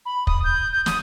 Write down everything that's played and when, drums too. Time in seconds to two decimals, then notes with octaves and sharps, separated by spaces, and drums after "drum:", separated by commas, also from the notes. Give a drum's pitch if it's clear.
0.06 B5
0.27 D#6, drum: kick
0.44 G6
0.72 G6
0.86 D#6, drum: snare